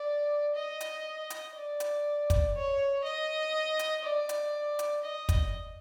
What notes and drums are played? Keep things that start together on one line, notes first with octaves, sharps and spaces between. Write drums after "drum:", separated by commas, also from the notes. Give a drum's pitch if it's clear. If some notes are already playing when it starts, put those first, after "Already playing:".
Already playing: D5
D#5
drum: hi-hat
drum: hi-hat
D5
drum: hi-hat
drum: kick, hi-hat
C#5
D#5
drum: hi-hat
D5
drum: hi-hat
drum: hi-hat
D#5
drum: kick, hi-hat